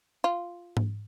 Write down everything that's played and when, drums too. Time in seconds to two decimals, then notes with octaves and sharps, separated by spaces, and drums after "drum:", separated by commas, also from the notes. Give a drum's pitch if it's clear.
0.24 F4
0.77 drum: tom G#2